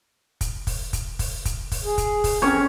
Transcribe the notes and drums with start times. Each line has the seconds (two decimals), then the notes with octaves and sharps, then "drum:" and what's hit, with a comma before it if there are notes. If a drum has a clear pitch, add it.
0.41 drum: kick, hi-hat
0.67 drum: kick, open hi-hat
0.93 drum: kick, hi-hat
1.19 drum: kick, open hi-hat
1.45 drum: kick, hi-hat
1.72 drum: kick, open hi-hat
1.85 G#4
1.98 drum: kick, hi-hat
2.24 drum: kick, open hi-hat
2.42 F2 C4 C#4 C#5